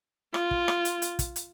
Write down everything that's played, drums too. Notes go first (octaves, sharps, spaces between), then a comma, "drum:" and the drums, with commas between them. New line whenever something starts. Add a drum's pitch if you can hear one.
F4, drum: rim click
drum: kick
drum: rim click
drum: hi-hat
drum: hi-hat
drum: kick, hi-hat
drum: hi-hat